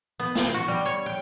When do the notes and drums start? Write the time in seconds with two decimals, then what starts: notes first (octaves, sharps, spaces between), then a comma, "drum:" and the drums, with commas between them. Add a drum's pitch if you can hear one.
0.19 B3
0.35 drum: snare
0.54 F#4
0.68 G3
0.85 C#5
1.06 G5